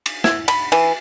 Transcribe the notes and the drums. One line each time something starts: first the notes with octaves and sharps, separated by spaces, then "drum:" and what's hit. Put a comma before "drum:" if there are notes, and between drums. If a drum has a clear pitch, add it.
drum: cymbal
E4, drum: snare
B5, drum: cymbal
E3, drum: cymbal